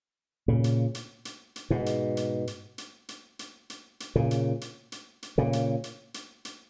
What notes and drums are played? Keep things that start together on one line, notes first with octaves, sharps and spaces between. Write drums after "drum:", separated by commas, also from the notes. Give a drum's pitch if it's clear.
A#2 C#3
drum: hi-hat
drum: hi-hat
drum: hi-hat
drum: hi-hat
G#2 B2
drum: hi-hat
drum: hi-hat
drum: hi-hat
drum: hi-hat
drum: hi-hat
drum: hi-hat
drum: hi-hat
drum: hi-hat
A#2 C#3
drum: hi-hat
drum: hi-hat
drum: hi-hat
drum: hi-hat
A#2 C#3
drum: hi-hat
drum: hi-hat
drum: hi-hat
drum: hi-hat